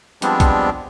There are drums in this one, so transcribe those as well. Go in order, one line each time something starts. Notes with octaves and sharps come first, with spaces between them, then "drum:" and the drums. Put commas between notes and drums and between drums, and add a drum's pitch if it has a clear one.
F3 G3 G#3 B3 C4 D4, drum: hi-hat
drum: kick, hi-hat